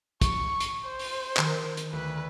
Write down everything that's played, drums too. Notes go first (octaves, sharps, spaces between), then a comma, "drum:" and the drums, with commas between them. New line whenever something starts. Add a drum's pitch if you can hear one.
C#6, drum: kick, hi-hat
drum: hi-hat
C5
drum: open hi-hat
D#3, drum: clap
drum: hi-hat
D2 B4 B5